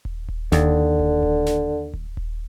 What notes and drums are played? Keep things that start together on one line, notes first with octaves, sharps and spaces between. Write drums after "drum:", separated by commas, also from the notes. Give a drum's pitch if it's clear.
drum: kick D#1
drum: kick D#1
D#2 D3, drum: snare
drum: kick D#1
drum: kick D#1
drum: snare
drum: kick D#1
drum: kick D#1